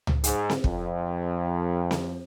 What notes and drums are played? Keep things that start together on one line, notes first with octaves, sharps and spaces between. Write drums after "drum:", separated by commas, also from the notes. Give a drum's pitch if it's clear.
drum: tom C#2
G#2, drum: hi-hat
drum: snare C4
F2, drum: kick
drum: snare C4